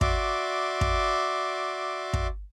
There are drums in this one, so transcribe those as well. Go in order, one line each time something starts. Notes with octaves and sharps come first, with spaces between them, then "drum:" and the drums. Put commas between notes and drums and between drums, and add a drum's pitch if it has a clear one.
F#4 D5 E5 C6 D6, drum: kick
drum: kick
drum: kick